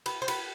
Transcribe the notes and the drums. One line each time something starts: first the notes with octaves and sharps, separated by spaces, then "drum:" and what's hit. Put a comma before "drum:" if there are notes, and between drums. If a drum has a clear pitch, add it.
B4, drum: cymbal
C5
B4, drum: cymbal